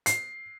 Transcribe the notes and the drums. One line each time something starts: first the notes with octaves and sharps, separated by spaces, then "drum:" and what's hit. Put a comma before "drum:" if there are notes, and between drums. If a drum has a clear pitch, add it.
C7, drum: hi-hat